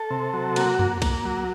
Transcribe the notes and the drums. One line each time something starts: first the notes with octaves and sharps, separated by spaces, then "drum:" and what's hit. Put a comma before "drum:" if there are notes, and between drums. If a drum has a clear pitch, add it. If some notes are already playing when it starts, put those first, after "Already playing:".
Already playing: A4
C3
F#3
A#3 F#4, drum: cymbal
A#3, drum: tom F2
A#3, drum: kick B1, cymbal
F#3